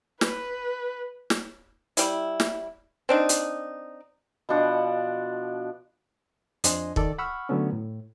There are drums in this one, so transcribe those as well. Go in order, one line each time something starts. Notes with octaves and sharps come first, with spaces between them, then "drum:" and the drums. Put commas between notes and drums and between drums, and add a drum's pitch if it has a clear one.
B4, drum: snare
drum: snare
G3 E4, drum: hi-hat
drum: snare
C4 D4 D#4
drum: hi-hat
B2 F3 D4 F#5
F2 D4 C5 D#5 G#5 C6, drum: hi-hat
D#3 A4 D5, drum: kick
F#5 B5 C#6 E6 F6
D3 F#3 A3 B3 C#4
A2